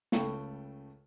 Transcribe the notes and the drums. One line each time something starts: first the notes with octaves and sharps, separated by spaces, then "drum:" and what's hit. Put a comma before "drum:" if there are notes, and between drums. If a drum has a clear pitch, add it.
C#2 A3 G5 B5 C#6, drum: snare